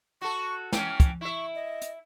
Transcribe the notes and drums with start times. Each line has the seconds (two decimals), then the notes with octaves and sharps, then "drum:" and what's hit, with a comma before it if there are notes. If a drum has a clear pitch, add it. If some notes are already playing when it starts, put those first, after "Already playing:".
0.22 F#4 A4 C#6
0.73 E3 C#4 G5, drum: snare
1.00 drum: kick, hi-hat
1.21 E4 E5 C#6
1.55 D#5
1.81 drum: hi-hat